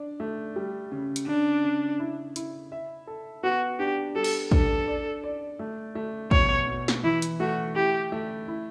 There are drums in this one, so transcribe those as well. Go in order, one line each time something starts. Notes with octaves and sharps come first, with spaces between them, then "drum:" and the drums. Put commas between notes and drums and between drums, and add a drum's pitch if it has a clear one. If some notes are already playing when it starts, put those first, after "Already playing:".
Already playing: D4 D5
A3
G3
C#3
drum: hi-hat
C#3 D4
C#3
E4
E4, drum: hi-hat
E5
A4
B3 F#4
D4 G4
G3 A4
drum: cymbal
D4 A4, drum: kick
D5
D5
A3
A3
B2 C#5, drum: kick
B2
drum: snare
E3 E4
drum: hi-hat
A3 F#4
E4 G4
A3
E4